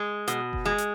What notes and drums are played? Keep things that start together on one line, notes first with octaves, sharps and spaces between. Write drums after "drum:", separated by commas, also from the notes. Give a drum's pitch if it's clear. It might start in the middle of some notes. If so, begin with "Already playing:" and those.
Already playing: G#3
B2, drum: hi-hat
drum: kick F#1
G#3
drum: hi-hat